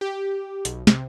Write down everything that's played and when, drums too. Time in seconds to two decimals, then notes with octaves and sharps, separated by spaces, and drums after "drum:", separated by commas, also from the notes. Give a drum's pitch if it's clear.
0.01 G4
0.65 B1, drum: hi-hat
0.87 C3, drum: snare